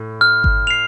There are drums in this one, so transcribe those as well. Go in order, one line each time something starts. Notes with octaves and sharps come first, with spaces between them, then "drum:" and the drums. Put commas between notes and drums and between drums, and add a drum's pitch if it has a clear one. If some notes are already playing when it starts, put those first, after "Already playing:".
Already playing: A2
F6
drum: kick G1
C7 F7